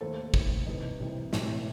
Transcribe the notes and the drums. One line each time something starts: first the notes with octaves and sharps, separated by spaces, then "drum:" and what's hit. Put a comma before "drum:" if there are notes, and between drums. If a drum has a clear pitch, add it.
D#2 D#3 A3 A4 C5
D#2 D#3 A3, drum: kick
C2 C3 E3 B4 D#5
C2 C3 E3
B1 A2 E3 A3, drum: snare